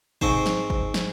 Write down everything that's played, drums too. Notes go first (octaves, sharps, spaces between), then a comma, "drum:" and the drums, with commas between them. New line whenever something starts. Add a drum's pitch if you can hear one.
G#2 C4 D#4 C5 A5 C#6, drum: kick
drum: snare
drum: kick
drum: snare